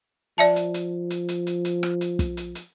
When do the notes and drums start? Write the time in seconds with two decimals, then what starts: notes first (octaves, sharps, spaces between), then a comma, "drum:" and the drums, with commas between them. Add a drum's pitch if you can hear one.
0.38 F3 D5 E5 A5, drum: hi-hat
0.56 drum: hi-hat
0.74 drum: hi-hat
1.10 drum: hi-hat
1.29 drum: hi-hat
1.47 drum: hi-hat
1.65 drum: hi-hat
1.83 drum: rim click
2.01 drum: hi-hat
2.19 drum: kick, hi-hat
2.37 drum: hi-hat
2.55 drum: hi-hat